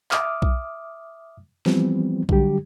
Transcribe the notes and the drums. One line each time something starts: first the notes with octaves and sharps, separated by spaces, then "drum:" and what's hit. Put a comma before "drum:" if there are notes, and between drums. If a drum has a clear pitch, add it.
E5 D6 D#6 F6, drum: clap
drum: kick B1
E3 F3 G3 B3 C4, drum: snare
D3 F#3 G3 G4, drum: kick B1